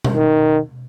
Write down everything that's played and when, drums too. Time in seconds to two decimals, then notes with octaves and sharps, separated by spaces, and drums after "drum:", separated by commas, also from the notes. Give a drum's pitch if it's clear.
0.04 drum: tom B2
0.15 D#3